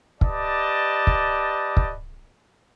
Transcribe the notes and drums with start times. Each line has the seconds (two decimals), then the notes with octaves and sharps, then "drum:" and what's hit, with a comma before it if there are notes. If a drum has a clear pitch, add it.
0.21 G4 B4 D5 D#5 A5, drum: kick
1.07 drum: kick
1.77 drum: kick